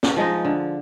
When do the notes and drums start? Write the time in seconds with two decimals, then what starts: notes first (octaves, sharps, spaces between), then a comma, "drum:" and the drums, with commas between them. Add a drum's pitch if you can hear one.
0.03 drum: snare
0.16 F3 G#3 D#4
0.45 D3